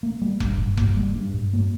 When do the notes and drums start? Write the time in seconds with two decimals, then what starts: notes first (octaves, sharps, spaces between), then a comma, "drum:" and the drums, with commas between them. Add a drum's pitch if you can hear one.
0.03 A#3
0.21 G3
0.40 G2, drum: kick F1
0.58 G2
0.78 A#3, drum: kick F1
0.97 G3
1.15 G2
1.34 G2
1.53 A#3